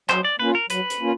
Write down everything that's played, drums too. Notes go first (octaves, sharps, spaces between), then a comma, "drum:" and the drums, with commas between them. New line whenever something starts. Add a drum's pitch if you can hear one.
F#3 C5, drum: clap
D5
A#3 C#4 F4 B4
A#4
F#3 B4, drum: hi-hat
drum: hi-hat
A#3 C#4 F4